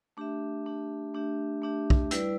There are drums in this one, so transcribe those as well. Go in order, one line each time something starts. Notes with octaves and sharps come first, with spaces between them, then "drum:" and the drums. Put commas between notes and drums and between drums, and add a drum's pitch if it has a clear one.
A3 D4 G4 E5
A3 D4 G4 E5
A3 D4 G4 E5
A3 D4 G4 E5
drum: kick
G3 E4 B4 D5, drum: hi-hat